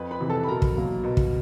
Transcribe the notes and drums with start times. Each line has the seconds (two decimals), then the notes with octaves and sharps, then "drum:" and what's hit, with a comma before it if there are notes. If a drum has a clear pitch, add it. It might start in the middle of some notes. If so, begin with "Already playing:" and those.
Already playing: F2 B4 B5
0.11 B4 B5
0.20 C3 E3
0.30 A4 A5
0.44 B5
0.48 B2 A#4 A#5
0.62 drum: kick
0.76 F#3 A#3
1.04 B2
1.17 drum: kick